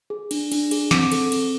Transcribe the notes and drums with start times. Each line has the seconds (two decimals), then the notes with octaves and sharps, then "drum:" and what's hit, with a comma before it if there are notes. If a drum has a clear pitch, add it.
0.10 G#4
0.31 D4, drum: cymbal
0.52 D4, drum: cymbal
0.71 G#4, drum: cymbal
0.91 C4 D6, drum: snare
1.12 A4, drum: cymbal
1.32 C4, drum: cymbal